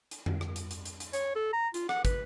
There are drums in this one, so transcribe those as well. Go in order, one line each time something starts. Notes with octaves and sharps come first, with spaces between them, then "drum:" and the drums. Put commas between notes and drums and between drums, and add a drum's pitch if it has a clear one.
drum: hi-hat
drum: tom F2
drum: rim click
drum: hi-hat
drum: hi-hat
drum: hi-hat
drum: hi-hat
C#5, drum: hi-hat
A4
A#5
F4, drum: hi-hat
F#5, drum: rim click
B4, drum: kick, hi-hat